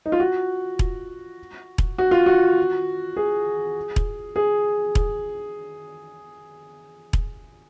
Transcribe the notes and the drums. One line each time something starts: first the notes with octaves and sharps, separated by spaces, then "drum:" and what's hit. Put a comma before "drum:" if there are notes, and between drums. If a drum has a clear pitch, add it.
D#4
F4
F#4
drum: kick E1
drum: kick E1
F#4
F4
F#4
G#4
drum: kick E1
G#4
drum: kick E1
drum: kick E1